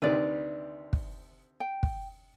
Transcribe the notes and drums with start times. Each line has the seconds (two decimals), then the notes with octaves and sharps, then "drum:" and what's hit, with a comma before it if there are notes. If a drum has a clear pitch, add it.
0.02 D2 C3 D#3 B4 D5
0.93 drum: kick
1.60 G5
1.83 drum: kick